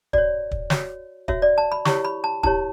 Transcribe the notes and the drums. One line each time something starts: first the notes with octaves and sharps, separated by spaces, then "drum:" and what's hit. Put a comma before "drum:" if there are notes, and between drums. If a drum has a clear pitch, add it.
F#4 C#5 D5, drum: kick
drum: kick
F#4 C#5, drum: snare
F#4 C#5 E5, drum: kick
D5
A5
B5
E4 G4 C#5 C#6, drum: snare
B5
A5
E4 G4 C#5 A5, drum: kick